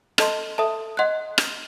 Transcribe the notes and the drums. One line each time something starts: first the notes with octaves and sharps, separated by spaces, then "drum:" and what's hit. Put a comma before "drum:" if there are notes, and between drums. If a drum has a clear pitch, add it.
A4 D#5 A5 C6, drum: rim click
A4 E5 A5 D#6
D#5 F#5 C6 F#6
drum: rim click